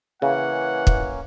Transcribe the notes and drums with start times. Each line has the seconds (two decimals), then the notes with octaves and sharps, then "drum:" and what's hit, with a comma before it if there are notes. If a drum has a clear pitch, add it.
0.22 C#3 E3 A#3 C#4 F#5
0.87 drum: kick